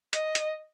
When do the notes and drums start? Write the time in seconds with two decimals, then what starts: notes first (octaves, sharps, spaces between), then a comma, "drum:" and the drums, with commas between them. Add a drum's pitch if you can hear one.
0.13 D#5, drum: hi-hat
0.35 drum: hi-hat